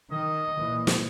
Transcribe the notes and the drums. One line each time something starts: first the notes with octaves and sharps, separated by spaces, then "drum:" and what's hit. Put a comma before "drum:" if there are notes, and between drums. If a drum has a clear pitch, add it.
D#3 D#5
A#2 E3
drum: snare